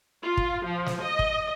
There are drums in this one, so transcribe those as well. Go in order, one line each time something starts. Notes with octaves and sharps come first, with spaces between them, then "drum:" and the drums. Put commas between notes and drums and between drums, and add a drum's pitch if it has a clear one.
F4
drum: kick
F3
drum: snare
D#5
drum: kick